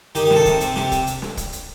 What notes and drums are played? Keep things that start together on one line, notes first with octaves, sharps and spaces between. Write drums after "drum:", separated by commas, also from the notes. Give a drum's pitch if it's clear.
D#3 G4, drum: hi-hat
G4
C3 A4, drum: snare
C3, drum: kick, hi-hat
C3, drum: hi-hat
C3 G4, drum: snare
drum: kick, hi-hat
drum: hi-hat
drum: snare
drum: kick, hi-hat
drum: hi-hat